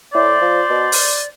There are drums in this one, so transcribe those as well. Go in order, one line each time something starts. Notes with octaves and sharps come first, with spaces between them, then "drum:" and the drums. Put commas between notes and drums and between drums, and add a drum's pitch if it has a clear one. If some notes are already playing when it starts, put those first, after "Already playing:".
A2 C5 D5
F3
B2
drum: open hi-hat